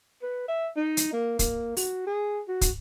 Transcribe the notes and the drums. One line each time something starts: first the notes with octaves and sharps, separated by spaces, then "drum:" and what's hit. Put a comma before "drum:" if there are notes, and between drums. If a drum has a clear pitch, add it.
B4
E5
D#4
drum: hi-hat
A#3
A#3, drum: kick, hi-hat
F#4, drum: open hi-hat
G#4
F#4
drum: kick, hi-hat